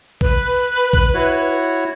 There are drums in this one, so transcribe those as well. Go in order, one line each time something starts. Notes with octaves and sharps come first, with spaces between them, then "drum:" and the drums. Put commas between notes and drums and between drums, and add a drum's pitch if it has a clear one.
B4, drum: kick A#1
drum: kick A#1
E4 F#4 C#5